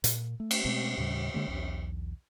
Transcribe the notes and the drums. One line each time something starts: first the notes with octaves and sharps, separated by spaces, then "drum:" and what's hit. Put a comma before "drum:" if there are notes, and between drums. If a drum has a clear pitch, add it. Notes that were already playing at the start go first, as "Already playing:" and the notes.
A#2, drum: hi-hat
A3
drum: cymbal
B2 G#3 A3 C4
D#2 A2 C#3 G3
D3 G#3 A#3
B1 E2